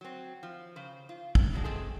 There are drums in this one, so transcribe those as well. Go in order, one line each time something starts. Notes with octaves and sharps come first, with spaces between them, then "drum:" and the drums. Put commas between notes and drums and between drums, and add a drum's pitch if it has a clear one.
F#3 C4
F3
C#3 C5
F4
drum: kick
A2 D3 F#3 G#3 D4
E2 G#3 C4 G#4 A4